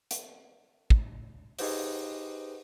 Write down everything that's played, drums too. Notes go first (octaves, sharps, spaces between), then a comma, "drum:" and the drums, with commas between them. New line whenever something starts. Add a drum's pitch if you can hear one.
drum: hi-hat
drum: kick
D#4 G4 G#4 B4 C5 D#5, drum: open hi-hat